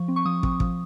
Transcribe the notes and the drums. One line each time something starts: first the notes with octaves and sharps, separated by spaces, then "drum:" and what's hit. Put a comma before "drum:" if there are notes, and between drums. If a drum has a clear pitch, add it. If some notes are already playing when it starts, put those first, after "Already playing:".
Already playing: F3 C#6
C4
C#6
F3 D#6
C4, drum: kick
F3, drum: kick